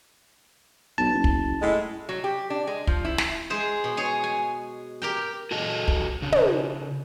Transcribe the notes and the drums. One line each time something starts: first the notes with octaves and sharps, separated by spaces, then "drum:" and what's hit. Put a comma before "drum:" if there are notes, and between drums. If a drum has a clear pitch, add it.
B1 A5
F#1
drum: kick
A2 G#3
F#3
G4
D4
G#3
F3, drum: kick
E4
drum: snare
G#3 G#4 C5
B2
G#4 C#5 G#5
G#5
G4 A#4 G5
F#4 G#4 A4 D#5
drum: kick
C#3 D4
drum: tom